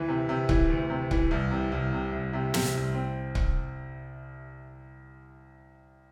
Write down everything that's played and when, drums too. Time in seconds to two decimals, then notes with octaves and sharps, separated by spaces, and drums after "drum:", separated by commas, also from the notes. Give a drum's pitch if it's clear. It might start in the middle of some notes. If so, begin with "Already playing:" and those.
Already playing: D2 E3
0.08 C3
0.29 C3
0.49 E3, drum: kick C#1
0.70 D2
0.90 C3
1.11 E3, drum: kick C#1
1.31 C2
1.51 C3
1.72 C2
1.93 C3
2.13 C2
2.33 C3
2.54 C3, drum: snare
2.75 C2
2.95 C4
3.35 drum: kick C#1